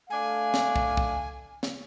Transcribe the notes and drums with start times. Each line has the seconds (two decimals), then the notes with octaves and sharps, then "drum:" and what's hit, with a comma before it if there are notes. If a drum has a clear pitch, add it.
0.10 A3 D4 F5 G#5
0.54 drum: snare
0.76 drum: kick
0.97 drum: kick
1.63 drum: snare